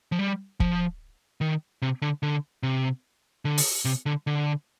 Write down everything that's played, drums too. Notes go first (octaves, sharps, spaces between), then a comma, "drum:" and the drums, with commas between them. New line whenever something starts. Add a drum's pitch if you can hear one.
F3
G3
F3, drum: kick
D#3
C3
D3
D3
C3
D3
drum: open hi-hat
C3
D3
D3